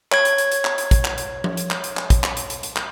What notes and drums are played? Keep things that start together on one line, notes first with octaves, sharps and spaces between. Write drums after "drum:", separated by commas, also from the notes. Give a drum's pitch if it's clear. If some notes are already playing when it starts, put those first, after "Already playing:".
C#5 G#6, drum: clap
drum: hi-hat
drum: hi-hat
drum: hi-hat
drum: clap
drum: hi-hat
drum: kick, hi-hat
drum: clap
drum: hi-hat
drum: tom F3
drum: hi-hat
drum: clap
drum: hi-hat
drum: clap
drum: kick, hi-hat
drum: clap
drum: hi-hat
drum: hi-hat
drum: hi-hat
drum: clap